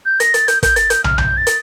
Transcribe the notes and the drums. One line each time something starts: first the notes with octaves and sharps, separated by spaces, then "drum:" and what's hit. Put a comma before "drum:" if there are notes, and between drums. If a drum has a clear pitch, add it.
G6
A#6, drum: hi-hat
A6, drum: hi-hat
G6, drum: hi-hat
G6, drum: kick, hi-hat
A6, drum: hi-hat
G6, drum: hi-hat
F6, drum: tom
G6, drum: tom
A6
drum: hi-hat